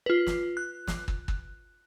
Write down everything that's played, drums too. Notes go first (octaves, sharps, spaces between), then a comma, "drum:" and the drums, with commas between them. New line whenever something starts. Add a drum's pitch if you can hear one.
F4 B4
drum: snare
F#6
drum: snare
drum: kick
drum: kick